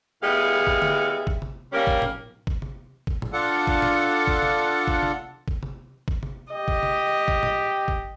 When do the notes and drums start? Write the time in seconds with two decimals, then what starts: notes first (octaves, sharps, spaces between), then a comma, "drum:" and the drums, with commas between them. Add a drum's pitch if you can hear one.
0.23 A2 G3 G#3 B3 E5 F5
0.67 drum: kick G1
0.82 drum: tom D3
1.27 drum: kick G1
1.42 drum: tom C3
1.72 G3 A#3 C#4
1.87 drum: kick G1
2.02 drum: tom A2
2.47 drum: kick G1
2.62 drum: tom C3
3.07 drum: kick G1
3.22 drum: tom A2
3.33 D4 F4 A4 F#5
3.67 drum: kick G1
3.82 drum: tom A2
4.27 drum: kick G1
4.42 drum: tom C3
4.87 drum: kick G1
5.03 drum: tom C3
5.48 drum: kick G1
5.63 drum: tom C3
6.08 drum: kick G1
6.23 drum: tom C3
6.53 G4 D#5
6.68 drum: kick G1
6.83 drum: tom C3
7.28 drum: kick G1
7.43 drum: tom A2
7.88 drum: kick G1